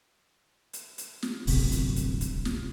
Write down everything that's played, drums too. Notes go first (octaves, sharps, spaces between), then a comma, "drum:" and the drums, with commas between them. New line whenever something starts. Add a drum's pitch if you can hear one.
drum: hi-hat
drum: hi-hat
drum: snare
D1 G1 C3, drum: open hi-hat
drum: hi-hat
drum: hi-hat
drum: hi-hat
drum: snare